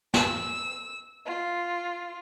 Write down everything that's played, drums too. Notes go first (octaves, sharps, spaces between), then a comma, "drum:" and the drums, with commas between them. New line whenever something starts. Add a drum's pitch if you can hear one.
E6, drum: snare
F4